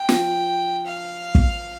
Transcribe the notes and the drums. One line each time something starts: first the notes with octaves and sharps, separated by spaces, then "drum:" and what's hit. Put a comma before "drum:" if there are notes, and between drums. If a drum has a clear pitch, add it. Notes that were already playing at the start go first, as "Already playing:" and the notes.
Already playing: G5
F3, drum: snare
F5
drum: kick